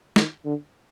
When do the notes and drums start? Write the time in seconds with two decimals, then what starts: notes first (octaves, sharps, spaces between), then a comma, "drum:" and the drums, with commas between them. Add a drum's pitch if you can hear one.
0.16 D#3, drum: snare
0.45 D3